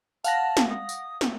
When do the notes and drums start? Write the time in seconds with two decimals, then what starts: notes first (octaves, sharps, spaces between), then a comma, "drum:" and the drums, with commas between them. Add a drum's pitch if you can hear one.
0.24 F5 F#5 A5 A#6, drum: tambourine
0.57 drum: snare
0.69 D#6
0.89 drum: tambourine
1.21 drum: snare